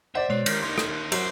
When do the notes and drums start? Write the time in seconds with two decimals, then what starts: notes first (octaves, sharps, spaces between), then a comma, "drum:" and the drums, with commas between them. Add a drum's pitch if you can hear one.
0.15 C5 D5 E5 F#5
0.30 B2 G#3 C#5 C7
0.46 D#3, drum: cymbal
0.62 D#2 D#4 C6
0.78 drum: rim click
1.12 F#3 C5, drum: cymbal